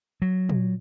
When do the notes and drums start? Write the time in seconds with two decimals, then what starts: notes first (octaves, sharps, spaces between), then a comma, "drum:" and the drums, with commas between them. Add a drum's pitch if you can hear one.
0.22 F#3
0.49 drum: tom A#2